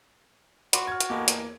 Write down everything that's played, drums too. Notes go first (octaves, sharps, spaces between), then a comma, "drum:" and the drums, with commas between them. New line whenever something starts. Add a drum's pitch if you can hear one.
F#4 B5 C6 D6, drum: hi-hat
F6 G#6
drum: hi-hat
E2 A2 G#3 A#3 G4
drum: hi-hat